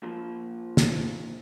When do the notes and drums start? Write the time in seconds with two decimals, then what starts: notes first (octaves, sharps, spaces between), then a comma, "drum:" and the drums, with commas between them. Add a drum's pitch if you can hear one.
0.03 A#2 F3
0.77 drum: snare